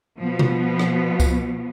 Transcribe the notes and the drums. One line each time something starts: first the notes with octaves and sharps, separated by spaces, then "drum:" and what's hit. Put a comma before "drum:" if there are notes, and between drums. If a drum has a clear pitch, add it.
B2 F3 B3
drum: tom B2
drum: rim click
drum: kick C#2, tambourine